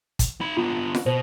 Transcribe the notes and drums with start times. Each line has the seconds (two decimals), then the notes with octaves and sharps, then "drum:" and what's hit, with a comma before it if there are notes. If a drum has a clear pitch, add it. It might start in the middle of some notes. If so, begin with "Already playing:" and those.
0.19 drum: kick, hi-hat
0.41 D#4 B5
0.57 D3 B3 F4
0.95 drum: snare F4
1.06 B2 C5